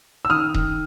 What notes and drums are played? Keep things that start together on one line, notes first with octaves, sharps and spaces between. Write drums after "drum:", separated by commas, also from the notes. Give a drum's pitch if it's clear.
E6
D#3 D#6 F6
D#3, drum: kick D#1